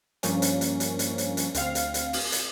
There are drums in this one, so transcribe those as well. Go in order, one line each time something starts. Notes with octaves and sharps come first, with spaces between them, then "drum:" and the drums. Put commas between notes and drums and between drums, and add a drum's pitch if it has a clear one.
G2 F3 A#3 C#4, drum: hi-hat
drum: hi-hat
drum: hi-hat
drum: hi-hat
drum: hi-hat
drum: hi-hat
drum: hi-hat
D2 C4 F5, drum: hi-hat
drum: hi-hat
drum: hi-hat
drum: open hi-hat
drum: hi-hat